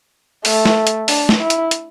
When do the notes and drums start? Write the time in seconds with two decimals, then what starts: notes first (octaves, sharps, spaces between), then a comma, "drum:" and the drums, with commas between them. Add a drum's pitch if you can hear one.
0.45 A3, drum: open hi-hat
0.65 drum: snare
0.87 drum: hi-hat
1.08 D4, drum: open hi-hat
1.29 drum: snare
1.40 E4
1.50 drum: hi-hat
1.71 drum: hi-hat